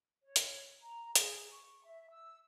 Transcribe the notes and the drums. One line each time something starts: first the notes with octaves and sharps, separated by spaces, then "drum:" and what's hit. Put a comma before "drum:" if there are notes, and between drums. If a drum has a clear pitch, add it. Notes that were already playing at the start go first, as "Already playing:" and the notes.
C#5
drum: hi-hat
A#5
G#4, drum: hi-hat
C#6
E5
E6